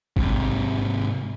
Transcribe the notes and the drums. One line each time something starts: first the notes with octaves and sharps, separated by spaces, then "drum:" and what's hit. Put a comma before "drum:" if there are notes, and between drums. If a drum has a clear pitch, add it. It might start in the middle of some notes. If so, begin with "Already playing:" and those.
G#2 C3, drum: kick